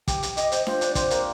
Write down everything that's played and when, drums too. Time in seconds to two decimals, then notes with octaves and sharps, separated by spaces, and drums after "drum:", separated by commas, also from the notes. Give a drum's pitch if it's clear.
0.08 G4 G5, drum: kick, hi-hat
0.23 drum: hi-hat
0.37 G4 D#5, drum: hi-hat
0.52 C5, drum: hi-hat
0.67 F4 C5, drum: snare D4
0.81 D4, drum: hi-hat
0.95 C4 C5, drum: kick, hi-hat
1.10 A#3, drum: hi-hat